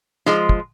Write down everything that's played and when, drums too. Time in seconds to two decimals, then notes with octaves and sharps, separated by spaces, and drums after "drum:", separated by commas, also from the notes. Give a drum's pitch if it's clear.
0.26 F3 G#3, drum: snare
0.49 drum: kick